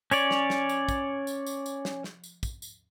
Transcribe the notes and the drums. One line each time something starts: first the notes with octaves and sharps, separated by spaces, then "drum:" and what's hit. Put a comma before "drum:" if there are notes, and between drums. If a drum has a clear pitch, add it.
C#4 C#5 D5, drum: tambourine
drum: snare
drum: snare
drum: tambourine
drum: kick, tambourine
drum: tambourine
drum: tambourine
drum: tambourine
drum: snare
drum: snare
drum: tambourine
drum: kick, tambourine
drum: tambourine